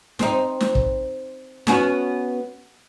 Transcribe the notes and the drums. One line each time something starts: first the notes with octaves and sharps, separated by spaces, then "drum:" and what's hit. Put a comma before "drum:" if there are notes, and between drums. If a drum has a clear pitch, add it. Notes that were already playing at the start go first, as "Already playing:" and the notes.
C4 D#4, drum: snare
drum: snare
drum: kick
B3 C#4 F#4, drum: snare